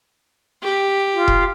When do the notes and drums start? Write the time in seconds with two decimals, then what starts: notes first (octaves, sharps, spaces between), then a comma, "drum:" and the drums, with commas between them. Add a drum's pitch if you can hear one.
0.62 G4
1.13 F4
1.28 drum: kick E1